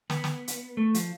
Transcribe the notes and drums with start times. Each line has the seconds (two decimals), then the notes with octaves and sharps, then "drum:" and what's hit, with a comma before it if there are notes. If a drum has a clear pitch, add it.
0.10 B3, drum: snare
0.24 drum: snare
0.48 drum: hi-hat
0.77 A3
0.95 F3, drum: hi-hat